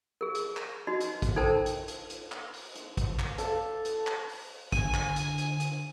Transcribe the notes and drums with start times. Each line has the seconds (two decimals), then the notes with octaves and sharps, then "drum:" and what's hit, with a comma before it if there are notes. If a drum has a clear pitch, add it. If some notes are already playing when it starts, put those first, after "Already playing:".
0.21 G#4 A#4
0.35 drum: hi-hat
0.57 drum: clap
0.87 D#4 F#4 D#5
1.00 drum: hi-hat
1.22 drum: kick, hi-hat
1.36 D#4 A4 A#4 C5 G5 A5
1.66 drum: hi-hat
1.88 drum: hi-hat
2.10 drum: hi-hat
2.32 drum: clap
2.54 drum: open hi-hat
2.75 drum: hi-hat
2.97 drum: kick, hi-hat
3.19 drum: clap
3.38 A4 D5 F5, drum: hi-hat
3.85 drum: hi-hat
4.07 drum: clap
4.29 drum: open hi-hat
4.72 D3 G#5 D#7, drum: kick, hi-hat
4.94 drum: clap
5.16 drum: hi-hat
5.38 drum: hi-hat
5.60 drum: hi-hat